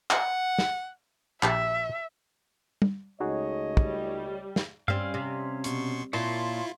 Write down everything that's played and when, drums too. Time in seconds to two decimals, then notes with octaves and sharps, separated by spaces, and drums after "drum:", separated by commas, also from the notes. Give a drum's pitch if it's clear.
0.11 F#5, drum: clap
0.58 drum: snare
1.43 A#1 G4 E5 A5, drum: clap
2.82 drum: tom
3.20 C#2 A3 D#4 F#4 G#4 C#5 D#5
3.77 G3, drum: kick
4.56 drum: snare
4.88 G2 G3 C4 C#4 F5
5.14 C3
5.64 B2 C6 C#6, drum: hi-hat
6.13 A#2 E4 F4 C#5 A5 C6, drum: tambourine